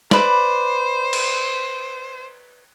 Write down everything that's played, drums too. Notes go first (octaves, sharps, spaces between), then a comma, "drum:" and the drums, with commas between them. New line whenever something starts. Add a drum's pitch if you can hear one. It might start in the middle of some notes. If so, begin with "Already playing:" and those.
B4 C5 D5, drum: snare
drum: cymbal